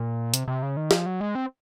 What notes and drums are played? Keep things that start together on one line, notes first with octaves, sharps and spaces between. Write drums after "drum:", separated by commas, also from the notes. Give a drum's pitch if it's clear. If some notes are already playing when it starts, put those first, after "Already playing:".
Already playing: A#2
C3, drum: hi-hat
C3
C#3
D#3
F3, drum: snare
F#3
G#3
C4